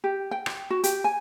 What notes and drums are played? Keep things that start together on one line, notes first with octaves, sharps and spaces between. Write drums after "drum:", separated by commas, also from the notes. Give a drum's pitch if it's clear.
G4
G5
drum: rim click
F#4
G4, drum: hi-hat
G#5